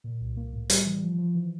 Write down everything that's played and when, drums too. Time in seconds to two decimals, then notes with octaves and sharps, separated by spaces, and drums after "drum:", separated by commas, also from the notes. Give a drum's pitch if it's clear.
0.04 A#2
0.21 C2
0.37 A#3
0.53 A2
0.70 G3, drum: hi-hat
0.86 E3
1.03 F3
1.18 F3
1.35 E3